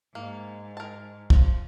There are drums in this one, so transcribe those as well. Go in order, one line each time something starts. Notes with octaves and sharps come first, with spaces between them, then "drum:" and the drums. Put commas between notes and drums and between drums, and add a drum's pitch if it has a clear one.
G#2 A#3
A#4 A5
F3, drum: kick